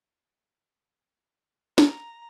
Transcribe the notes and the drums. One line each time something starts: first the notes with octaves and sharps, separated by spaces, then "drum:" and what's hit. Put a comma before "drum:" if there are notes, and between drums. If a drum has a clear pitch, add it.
A#5, drum: snare